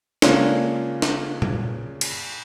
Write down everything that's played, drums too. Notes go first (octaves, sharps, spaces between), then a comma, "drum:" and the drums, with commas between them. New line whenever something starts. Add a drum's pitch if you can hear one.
C#3 G#3 A#3 C#4 D4 F4, drum: snare
drum: snare
drum: tom A#2
drum: cymbal